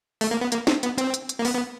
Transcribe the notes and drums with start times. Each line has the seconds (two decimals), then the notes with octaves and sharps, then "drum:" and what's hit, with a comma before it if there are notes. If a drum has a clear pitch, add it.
0.21 A3, drum: open hi-hat
0.31 A#3
0.41 B3
0.52 A#3, drum: hi-hat
0.67 C4, drum: snare
0.83 B3, drum: hi-hat
0.98 C4, drum: hi-hat
1.14 drum: hi-hat
1.29 drum: hi-hat
1.39 A#3
1.45 B3, drum: open hi-hat
1.55 B3